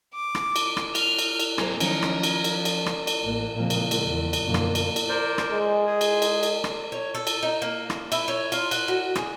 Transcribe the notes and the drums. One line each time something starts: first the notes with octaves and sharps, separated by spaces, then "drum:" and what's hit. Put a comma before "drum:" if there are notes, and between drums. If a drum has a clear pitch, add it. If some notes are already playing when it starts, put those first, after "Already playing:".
D6
drum: rim click
drum: cymbal
drum: rim click
F6, drum: cymbal
drum: cymbal
drum: cymbal
C3 F#3 A#3 G#4 A#4 C5 A#5, drum: rim click
D#3 F3 F#3 C#4 D#4 A#4, drum: cymbal
drum: rim click
drum: cymbal
drum: cymbal
drum: cymbal
drum: rim click
drum: cymbal
A1 A#3
A#2 C#3 F3 G#3 A#3 C4
drum: cymbal
drum: cymbal
E2
drum: cymbal
F#2 B2 D3 F3 A#3
drum: rim click
drum: cymbal
drum: cymbal
A#4 C5 D5
drum: rim click
G#3
G#4
drum: cymbal
drum: cymbal
drum: cymbal
drum: rim click
C#5
A4
drum: cymbal
D#4
A#3
drum: rim click
E4, drum: cymbal
C#5
F4, drum: cymbal
F#5, drum: cymbal
F#4
G#4, drum: rim click